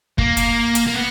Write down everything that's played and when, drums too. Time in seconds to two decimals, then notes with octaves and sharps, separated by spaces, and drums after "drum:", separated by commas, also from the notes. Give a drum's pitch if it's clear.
0.18 A#3, drum: kick
0.37 drum: hi-hat
0.75 drum: hi-hat
0.87 A#3
0.94 B3